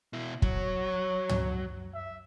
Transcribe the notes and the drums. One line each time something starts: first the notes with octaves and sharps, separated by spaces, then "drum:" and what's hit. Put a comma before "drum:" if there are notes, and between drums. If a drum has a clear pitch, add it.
B2 E4
F#3 C#5, drum: kick
drum: tom
E5